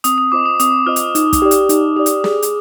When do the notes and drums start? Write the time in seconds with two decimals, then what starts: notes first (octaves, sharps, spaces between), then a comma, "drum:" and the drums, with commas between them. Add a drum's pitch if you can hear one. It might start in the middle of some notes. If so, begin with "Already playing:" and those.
0.04 C4 D#6, drum: hi-hat
0.18 D#6
0.32 F4 C5 D#5 D6
0.46 D#6
0.60 C4 D#6, drum: hi-hat
0.86 F4 C5 D#5 F6
0.96 drum: hi-hat
1.15 D#4, drum: hi-hat
1.33 drum: kick, hi-hat
1.42 G4 D5
1.51 drum: hi-hat
1.69 D#4, drum: hi-hat
1.96 G4 D5 D#6
2.06 drum: hi-hat
2.24 G#4, drum: snare
2.42 drum: hi-hat